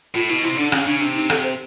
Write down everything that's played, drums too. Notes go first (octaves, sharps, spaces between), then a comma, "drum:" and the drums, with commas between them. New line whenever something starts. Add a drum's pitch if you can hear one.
A2 F4
B2 E4
C3 E4
D3 D4
C#3 C#4, drum: rim click
C#3 D4
C3 D4
D#4
A4, drum: rim click
C5